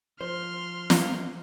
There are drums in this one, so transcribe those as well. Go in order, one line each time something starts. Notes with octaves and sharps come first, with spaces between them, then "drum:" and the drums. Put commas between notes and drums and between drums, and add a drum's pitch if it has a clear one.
F3 C5 C6 F6
drum: snare